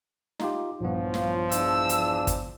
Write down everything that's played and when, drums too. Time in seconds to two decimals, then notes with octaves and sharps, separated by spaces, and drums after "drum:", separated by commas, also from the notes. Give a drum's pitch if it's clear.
0.40 D#4 F4 G4, drum: snare
0.81 A#1 G2 E3 F3 B3 F4 C#5
1.14 drum: snare
1.52 E2 E3 D4 E6, drum: hi-hat
1.89 drum: hi-hat
2.27 drum: kick, hi-hat